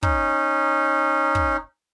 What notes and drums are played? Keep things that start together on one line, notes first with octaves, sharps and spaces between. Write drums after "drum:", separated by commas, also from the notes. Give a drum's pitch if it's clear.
C#4 D#4, drum: kick
drum: kick